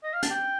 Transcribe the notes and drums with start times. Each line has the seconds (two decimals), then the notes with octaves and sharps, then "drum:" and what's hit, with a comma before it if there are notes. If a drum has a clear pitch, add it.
0.03 D#5
0.13 F5
0.23 A5, drum: hi-hat
0.31 G5